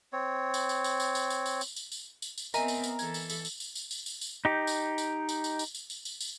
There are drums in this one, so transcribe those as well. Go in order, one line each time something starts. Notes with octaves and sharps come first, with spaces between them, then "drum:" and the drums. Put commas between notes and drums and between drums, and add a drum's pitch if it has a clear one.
C4 C#5
drum: tambourine
drum: tambourine
drum: tambourine
drum: tambourine
drum: tambourine
drum: tambourine
drum: tambourine
drum: tambourine
drum: tambourine
drum: tambourine
drum: tambourine
drum: tambourine
B3 C4 A#4 D#5 E5 G#5 A#5, drum: tambourine
drum: tambourine
drum: tambourine
E3 A4 G#6, drum: tambourine
drum: tambourine
drum: tambourine
drum: tambourine
drum: tambourine
drum: tambourine
drum: tambourine
drum: tambourine
drum: tambourine
D#4 G4
drum: tambourine
drum: tambourine
drum: tambourine
drum: tambourine
drum: tambourine
drum: tambourine
drum: tambourine
drum: tambourine
drum: tambourine